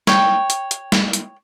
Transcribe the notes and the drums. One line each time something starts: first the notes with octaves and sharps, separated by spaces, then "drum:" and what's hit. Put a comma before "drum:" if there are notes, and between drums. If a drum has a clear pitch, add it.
C#5 G5, drum: snare
drum: hi-hat
drum: hi-hat
drum: snare
drum: hi-hat